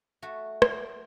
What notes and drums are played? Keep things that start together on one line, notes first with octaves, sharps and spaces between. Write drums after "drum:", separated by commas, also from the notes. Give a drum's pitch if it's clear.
A3 F#4
drum: rim click